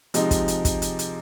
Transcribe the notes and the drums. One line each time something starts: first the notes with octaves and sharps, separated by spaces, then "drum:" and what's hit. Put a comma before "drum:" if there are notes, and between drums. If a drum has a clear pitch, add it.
C3 F3 G#3 D#4, drum: hi-hat
drum: kick, hi-hat
drum: hi-hat
drum: kick, hi-hat
drum: hi-hat
drum: hi-hat